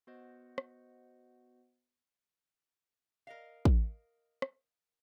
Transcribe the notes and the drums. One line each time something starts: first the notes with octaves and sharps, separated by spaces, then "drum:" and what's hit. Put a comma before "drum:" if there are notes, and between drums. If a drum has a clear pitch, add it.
B3 F#4 C5 D#5 F#5
drum: rim click
A#4 D#5 F5
drum: kick
drum: rim click